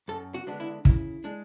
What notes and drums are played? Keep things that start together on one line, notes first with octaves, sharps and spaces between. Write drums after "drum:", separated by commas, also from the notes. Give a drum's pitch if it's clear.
F#2 A4
F#4
D3 G#3 B3 D4
E4
C#3 E4, drum: kick
G#3 D4